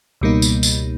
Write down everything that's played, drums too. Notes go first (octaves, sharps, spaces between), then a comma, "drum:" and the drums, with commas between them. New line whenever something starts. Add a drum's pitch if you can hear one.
C#2 B2 G3 A#3 D#4
drum: tambourine
drum: tambourine